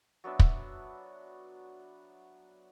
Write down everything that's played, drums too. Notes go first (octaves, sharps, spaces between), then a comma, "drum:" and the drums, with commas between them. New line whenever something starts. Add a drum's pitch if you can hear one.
F#3 B3 D4 E5
drum: kick